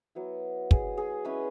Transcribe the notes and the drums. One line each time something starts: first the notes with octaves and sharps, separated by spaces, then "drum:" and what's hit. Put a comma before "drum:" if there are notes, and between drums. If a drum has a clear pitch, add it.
F#3 B3 E4
G#4, drum: kick
G#4
G#3 C#4 E4 B4